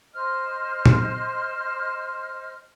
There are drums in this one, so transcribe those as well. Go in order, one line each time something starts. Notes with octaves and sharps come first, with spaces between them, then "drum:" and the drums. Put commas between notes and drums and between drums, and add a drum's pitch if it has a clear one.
C5 D#5 F6
drum: tom